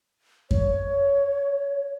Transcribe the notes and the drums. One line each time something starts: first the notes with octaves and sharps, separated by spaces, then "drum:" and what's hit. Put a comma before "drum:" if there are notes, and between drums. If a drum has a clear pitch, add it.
C#5, drum: kick F#2